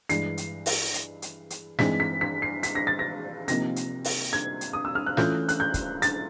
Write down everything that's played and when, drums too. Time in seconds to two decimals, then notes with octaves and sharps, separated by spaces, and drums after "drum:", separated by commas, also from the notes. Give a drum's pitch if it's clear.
0.09 G2 E3 G#3 C7, drum: hi-hat
0.38 drum: hi-hat
0.66 drum: open hi-hat
0.94 drum: hi-hat
1.22 drum: hi-hat
1.50 drum: hi-hat
1.79 G2 E3 G#3 C4 D#4 B6, drum: snare
2.00 B6
2.21 B6
2.42 C7
2.63 B6, drum: hi-hat
2.75 A#6
2.87 A6
2.99 A#6
3.48 C3 F3 A#3 D#4 A#6, drum: hi-hat
3.76 drum: hi-hat
4.04 drum: open hi-hat
4.33 G#6
4.61 drum: hi-hat
4.73 D#6
4.85 E6
4.95 F6
5.06 F#6
5.17 E3 A3 C#4 F4 G6, drum: snare
5.49 F#6, drum: hi-hat
5.60 G6
5.74 drum: kick, hi-hat
6.02 A6, drum: hi-hat